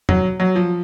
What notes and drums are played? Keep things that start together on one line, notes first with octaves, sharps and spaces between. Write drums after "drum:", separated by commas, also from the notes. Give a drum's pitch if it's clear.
F#3, drum: tom
F#3
F3